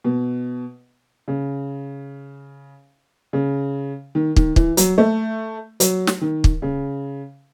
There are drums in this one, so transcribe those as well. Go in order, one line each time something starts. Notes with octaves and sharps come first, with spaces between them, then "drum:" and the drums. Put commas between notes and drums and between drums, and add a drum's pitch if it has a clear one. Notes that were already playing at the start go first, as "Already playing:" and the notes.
B2
C#3
C#3
D#3
D#3, drum: kick
E3, drum: kick
F#3, drum: hi-hat
A3
F#3, drum: hi-hat
drum: snare
D#3
drum: kick
C#3